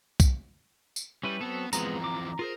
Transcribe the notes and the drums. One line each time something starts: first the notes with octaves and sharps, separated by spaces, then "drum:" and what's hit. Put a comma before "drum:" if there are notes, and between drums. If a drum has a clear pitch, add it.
drum: kick B1, tambourine
drum: tambourine
G3 C#4 E4 B4
F#3 B3 C4 A4
E3 F3 G#3 B3 C4 A#5, drum: tambourine
D6
F4 G#4 A#4 C5